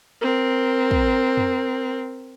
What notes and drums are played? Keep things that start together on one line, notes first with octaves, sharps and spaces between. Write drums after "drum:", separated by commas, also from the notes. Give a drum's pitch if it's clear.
C4 A#4
drum: kick
drum: tom F2